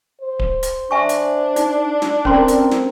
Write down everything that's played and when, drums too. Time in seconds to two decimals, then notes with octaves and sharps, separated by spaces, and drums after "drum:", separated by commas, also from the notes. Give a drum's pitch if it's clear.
0.22 C5
0.39 drum: kick D1
0.63 drum: hi-hat
0.91 D4 E5 G#5 C#6
1.09 drum: hi-hat
1.56 D#4, drum: hi-hat
2.02 drum: snare
2.25 C4 C#4 A#4 C6, drum: kick D1
2.48 drum: hi-hat
2.71 drum: snare